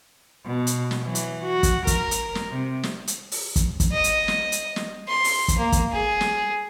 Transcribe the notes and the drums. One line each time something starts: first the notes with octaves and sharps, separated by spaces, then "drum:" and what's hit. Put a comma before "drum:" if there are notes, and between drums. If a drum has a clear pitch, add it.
B2
drum: hi-hat
drum: snare
E3 F#3
drum: hi-hat
F#4
drum: kick, hi-hat
A#4, drum: kick, hi-hat
drum: hi-hat
drum: snare
C3
drum: snare
drum: hi-hat
drum: open hi-hat
drum: kick, hi-hat
drum: kick, hi-hat
D#5
drum: hi-hat
drum: snare
drum: hi-hat
drum: snare
C6
drum: open hi-hat
drum: kick, hi-hat
A#3
drum: kick, hi-hat
G#4
drum: snare